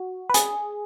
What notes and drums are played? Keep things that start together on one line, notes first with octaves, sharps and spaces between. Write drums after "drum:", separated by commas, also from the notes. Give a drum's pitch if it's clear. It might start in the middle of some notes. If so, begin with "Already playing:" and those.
Already playing: F#4
B4
G#4, drum: hi-hat